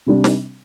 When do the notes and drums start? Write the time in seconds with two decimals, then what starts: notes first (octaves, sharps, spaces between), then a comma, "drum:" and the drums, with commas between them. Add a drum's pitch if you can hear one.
0.06 C3 G3 D4
0.24 drum: snare